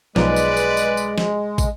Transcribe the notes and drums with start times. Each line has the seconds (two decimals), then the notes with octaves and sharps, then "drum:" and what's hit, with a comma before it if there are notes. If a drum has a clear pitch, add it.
0.16 B1 F3 G#3 D#4 B4 D5, drum: snare
0.36 drum: tambourine
0.57 drum: tambourine
0.77 drum: tambourine
0.97 drum: tambourine
1.18 drum: snare
1.58 drum: kick, tambourine